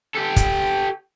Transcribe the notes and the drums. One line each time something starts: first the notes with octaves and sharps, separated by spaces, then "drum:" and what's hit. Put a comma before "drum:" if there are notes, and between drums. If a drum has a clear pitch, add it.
G4 A4
drum: kick, hi-hat